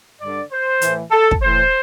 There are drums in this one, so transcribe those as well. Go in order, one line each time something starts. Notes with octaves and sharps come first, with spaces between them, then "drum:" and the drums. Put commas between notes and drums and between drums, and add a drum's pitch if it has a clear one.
G2 D3 D5
C5
A2 E3, drum: hi-hat
A4
drum: kick
A2 E3 C5